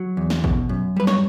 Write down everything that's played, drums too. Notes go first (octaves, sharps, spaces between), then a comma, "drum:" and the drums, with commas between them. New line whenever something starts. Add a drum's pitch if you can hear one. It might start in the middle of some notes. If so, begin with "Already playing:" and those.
Already playing: F#3
E2
drum: snare
B2, drum: kick A1
F#2
G3 B4
C#5, drum: snare